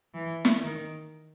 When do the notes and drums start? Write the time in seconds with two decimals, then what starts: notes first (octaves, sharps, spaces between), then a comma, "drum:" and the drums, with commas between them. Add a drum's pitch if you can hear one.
0.14 E3
0.45 drum: snare
0.63 D#3